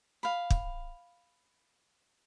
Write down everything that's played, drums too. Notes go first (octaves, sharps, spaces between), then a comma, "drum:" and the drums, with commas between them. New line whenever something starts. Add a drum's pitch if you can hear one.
F5 B5
drum: kick